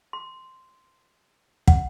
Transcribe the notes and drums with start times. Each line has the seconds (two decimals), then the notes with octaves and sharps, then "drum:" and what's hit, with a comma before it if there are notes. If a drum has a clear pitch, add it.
0.13 C6
1.68 F#5, drum: kick